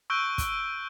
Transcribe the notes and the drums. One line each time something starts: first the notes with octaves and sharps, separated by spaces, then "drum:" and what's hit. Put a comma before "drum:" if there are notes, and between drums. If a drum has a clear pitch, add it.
C#6 E6 F#6 G6 D7 G7
drum: kick, hi-hat